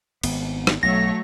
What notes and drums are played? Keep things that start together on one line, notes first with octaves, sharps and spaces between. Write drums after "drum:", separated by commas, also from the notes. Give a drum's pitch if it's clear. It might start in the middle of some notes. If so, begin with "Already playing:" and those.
G#1 B3, drum: cymbal
drum: rim click
B1 F#3 A3 C#5 A#6